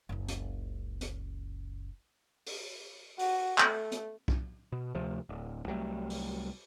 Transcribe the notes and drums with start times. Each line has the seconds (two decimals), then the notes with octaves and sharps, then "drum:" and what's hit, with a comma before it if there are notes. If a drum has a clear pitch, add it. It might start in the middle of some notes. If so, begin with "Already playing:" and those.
0.09 F#1 C#2
0.28 drum: hi-hat
1.01 drum: hi-hat
2.46 drum: open hi-hat
3.19 F#4, drum: open hi-hat
3.58 A3, drum: clap
3.92 drum: hi-hat
4.28 drum: kick B1
4.72 B2
4.95 D2 C3 F3 A3
5.29 D1
5.67 C2 F#3 G3 A3
6.10 drum: open hi-hat